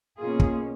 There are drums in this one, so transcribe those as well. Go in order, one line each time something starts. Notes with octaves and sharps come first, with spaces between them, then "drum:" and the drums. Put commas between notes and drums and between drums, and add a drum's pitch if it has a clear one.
B2 A#3 C#4 F4 G#4
drum: kick